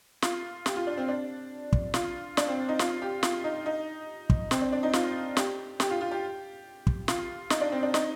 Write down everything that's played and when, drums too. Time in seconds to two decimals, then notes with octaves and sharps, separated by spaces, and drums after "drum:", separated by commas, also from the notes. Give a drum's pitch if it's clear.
0.22 F4, drum: snare
0.66 G4, drum: snare
0.76 F4
0.87 D4
0.97 C4
1.08 D4
1.73 drum: kick
1.94 F4, drum: snare
2.37 D4, drum: snare
2.48 C4
2.69 D#4
2.79 F4, drum: snare
3.02 G4
3.23 F4, drum: snare
3.44 D#4
3.66 D#4
4.30 drum: kick
4.51 C4, drum: snare
4.61 D4
4.72 D4
4.83 D#4
4.93 F4, drum: snare
5.37 G4, drum: snare
5.80 G4, drum: snare
5.90 F4
6.01 F4
6.11 G4
6.87 drum: kick
7.08 F4, drum: snare
7.50 D#4, drum: snare
7.61 D4
7.72 C4
7.83 D4
7.94 D#4, drum: snare